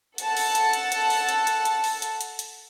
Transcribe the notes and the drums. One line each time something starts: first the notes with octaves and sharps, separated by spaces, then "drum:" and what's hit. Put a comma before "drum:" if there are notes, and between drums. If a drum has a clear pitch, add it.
A4 F#5 A5, drum: hi-hat
drum: open hi-hat
drum: hi-hat
drum: hi-hat
drum: hi-hat
drum: open hi-hat
drum: hi-hat
drum: hi-hat
drum: hi-hat
drum: open hi-hat
drum: hi-hat
drum: hi-hat
drum: hi-hat